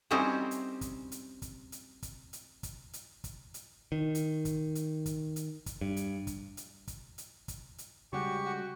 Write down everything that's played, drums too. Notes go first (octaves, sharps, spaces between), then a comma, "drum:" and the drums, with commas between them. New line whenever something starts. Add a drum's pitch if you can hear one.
G3 C4 C#4 D#4 E4 F#4
drum: hi-hat
drum: kick, hi-hat
drum: hi-hat
drum: kick, hi-hat
drum: hi-hat
drum: kick, hi-hat
drum: hi-hat
drum: kick, hi-hat
drum: hi-hat
drum: kick, hi-hat
drum: hi-hat
D#3
drum: hi-hat
drum: kick, hi-hat
drum: hi-hat
drum: kick, hi-hat
drum: hi-hat
drum: kick, hi-hat
G2
drum: hi-hat
drum: kick, hi-hat
drum: hi-hat
drum: kick, hi-hat
drum: hi-hat
drum: kick, hi-hat
drum: hi-hat
C#3 G3 G#3 F#4 G4 C#6
F#4